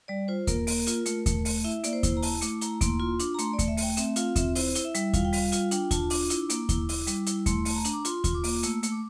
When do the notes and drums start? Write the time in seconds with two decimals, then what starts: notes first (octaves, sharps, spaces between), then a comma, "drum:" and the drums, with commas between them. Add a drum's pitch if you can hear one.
0.08 G3 D5
0.28 F4 C5
0.47 A#3 A#4, drum: kick D#2, hi-hat
0.67 A#3, drum: open hi-hat
0.87 F4, drum: hi-hat
1.06 A3, drum: hi-hat
1.26 A3, drum: kick D#2, hi-hat
1.45 A3, drum: open hi-hat
1.64 E4 E5
1.84 A#3 D5, drum: hi-hat
1.93 C5
2.03 E4, drum: kick D#2, hi-hat
2.17 A#5
2.22 E4 A5, drum: open hi-hat
2.42 A3 D6, drum: hi-hat
2.61 E4 A#5, drum: hi-hat
2.81 A#3 C6, drum: kick D#2, hi-hat
2.99 F4 C6
3.19 D4 D6, drum: hi-hat
3.34 A#5
3.38 A3 C6, drum: hi-hat
3.53 D5
3.59 A3, drum: kick D#2, hi-hat
3.68 E5
3.77 A3, drum: open hi-hat
3.82 G5
3.97 C4 E5, drum: hi-hat
4.16 F4 F5, drum: hi-hat
4.36 C4 E5, drum: kick D#2, hi-hat
4.55 E4 C5, drum: open hi-hat
4.75 E4, drum: hi-hat
4.85 E5
4.94 G3, drum: hi-hat
5.13 F4 F5, drum: kick D#2, hi-hat
5.25 G5
5.33 G3 F5, drum: open hi-hat
5.52 F4, drum: hi-hat
5.71 D4 G5, drum: hi-hat
5.91 F4 A5, drum: kick D#2, hi-hat
6.10 D4 D6, drum: open hi-hat
6.30 E4, drum: hi-hat
6.50 A#3, drum: hi-hat
6.69 E4, drum: kick D#2, hi-hat
6.89 E4, drum: open hi-hat
7.07 G3, drum: hi-hat
7.26 E4, drum: hi-hat
7.46 A3 C6, drum: kick D#2, hi-hat
7.65 A3 A5, drum: open hi-hat
7.75 A#5
7.85 D4, drum: hi-hat
7.93 D6
8.05 F4 C6, drum: hi-hat
8.24 F4, drum: kick D#2, hi-hat
8.34 D6
8.44 A#3, drum: open hi-hat
8.63 A3 E6, drum: hi-hat
8.83 A3, drum: hi-hat
8.91 D6